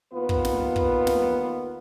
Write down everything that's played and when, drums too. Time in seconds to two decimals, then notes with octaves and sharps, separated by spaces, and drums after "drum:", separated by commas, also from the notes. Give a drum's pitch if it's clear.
0.13 D#2 B3 F4 B4
0.29 drum: kick
0.45 drum: snare
0.76 drum: kick
1.07 drum: snare